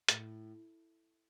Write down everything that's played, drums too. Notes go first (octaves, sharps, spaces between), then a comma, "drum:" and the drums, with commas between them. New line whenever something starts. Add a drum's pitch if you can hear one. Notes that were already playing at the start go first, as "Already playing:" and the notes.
A2, drum: hi-hat